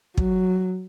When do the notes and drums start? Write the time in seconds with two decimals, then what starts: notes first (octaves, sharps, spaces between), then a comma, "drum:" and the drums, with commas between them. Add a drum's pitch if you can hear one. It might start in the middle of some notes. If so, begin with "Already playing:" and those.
0.17 F#3, drum: kick